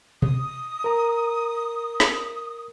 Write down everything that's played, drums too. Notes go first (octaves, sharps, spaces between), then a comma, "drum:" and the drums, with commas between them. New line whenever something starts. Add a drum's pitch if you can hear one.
D#6, drum: tom B2
A#4 A#5
drum: snare